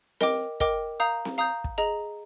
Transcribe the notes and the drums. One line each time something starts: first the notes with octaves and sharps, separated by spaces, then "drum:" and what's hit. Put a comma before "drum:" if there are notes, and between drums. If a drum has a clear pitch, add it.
A#4 D#5 G5 D6, drum: snare C4
A#4 D#5 G5 D6, drum: kick
F5 A#5 D#6 G6
drum: snare C4
F5 A#5 D#6 G6
drum: kick
G#4 D#5 A#5